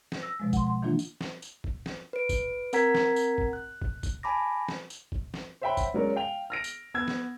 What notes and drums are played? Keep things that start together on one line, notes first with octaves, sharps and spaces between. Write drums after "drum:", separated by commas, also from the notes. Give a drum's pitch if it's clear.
drum: snare
E6 A#6
B2 F3 G#3
F#5 C6, drum: kick, tambourine
C6
D#3 E3 A#3 D4 F4
drum: tambourine
drum: snare
drum: tambourine
drum: kick
drum: snare
B4 D7
drum: kick, tambourine
C4 A#4 F#5 A#5 G#6 B6, drum: tambourine
drum: snare
drum: tambourine
drum: kick
F#6
drum: kick
drum: kick, tambourine
G#5 A5 B5 D6 A#6
drum: snare
drum: tambourine
drum: kick
drum: snare
C5 C#5 E5 F#5 G5 B5
drum: kick, tambourine
F#3 G#3 C#4 A#4 D5
F5 G5 F7
F6 A#6 D7
drum: tambourine
B3 E6 G#6
drum: snare